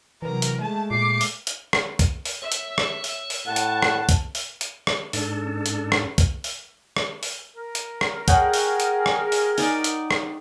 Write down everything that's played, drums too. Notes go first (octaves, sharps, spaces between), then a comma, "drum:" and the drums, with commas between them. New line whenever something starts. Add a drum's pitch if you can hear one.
C3 E3 F#3 A#4
drum: hi-hat
G#3 A3 A5
A#2 D6 C7
drum: open hi-hat
drum: hi-hat
drum: rim click
drum: kick C2, hi-hat
drum: open hi-hat
C#5 E5
drum: hi-hat
drum: rim click
drum: open hi-hat
drum: open hi-hat
A2 F#5 A5
drum: hi-hat
drum: rim click
drum: kick C2, hi-hat
drum: open hi-hat
drum: hi-hat
drum: rim click
G#2 D4 A4, drum: open hi-hat
C#4
drum: hi-hat
drum: rim click
drum: kick C2, hi-hat
drum: open hi-hat
drum: rim click
drum: open hi-hat
A#4
drum: hi-hat
drum: rim click
G#4 C#5 F#5 G5, drum: kick C2, hi-hat
drum: open hi-hat
drum: hi-hat
drum: rim click
drum: open hi-hat
D#4 D5, drum: open hi-hat
drum: hi-hat
drum: rim click